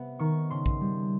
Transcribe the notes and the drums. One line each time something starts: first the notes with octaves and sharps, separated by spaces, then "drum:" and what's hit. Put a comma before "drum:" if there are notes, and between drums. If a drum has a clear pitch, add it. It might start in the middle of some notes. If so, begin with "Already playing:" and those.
Already playing: C3 B3 E5 F#5
D#3 C#6
C#3 C6
drum: kick A#1
G3